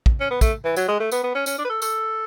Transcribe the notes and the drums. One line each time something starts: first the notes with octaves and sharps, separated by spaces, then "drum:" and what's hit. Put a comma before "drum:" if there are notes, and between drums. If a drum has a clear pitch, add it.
drum: kick
C#4
B3
A3, drum: kick, tambourine
E3
F#3, drum: tambourine
G#3
A3
B3, drum: tambourine
B3
C#4
C#4, drum: tambourine
D4
B4
A4
A4, drum: tambourine